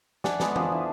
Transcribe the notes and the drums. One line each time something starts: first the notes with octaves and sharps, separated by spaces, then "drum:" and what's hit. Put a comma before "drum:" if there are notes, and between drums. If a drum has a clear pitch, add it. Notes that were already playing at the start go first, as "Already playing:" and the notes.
D5 F#5 G#5 A5, drum: snare
G#3 B3 A4, drum: snare
F3 D4 G#4, drum: tom E3
E4